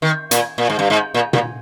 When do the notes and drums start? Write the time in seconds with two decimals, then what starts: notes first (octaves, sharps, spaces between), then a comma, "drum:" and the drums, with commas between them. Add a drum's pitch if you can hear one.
0.02 D#3
0.31 A#2, drum: hi-hat
0.58 A#2
0.70 G#2
0.79 G2
0.90 G#2
1.14 A#2
1.33 A#2, drum: tom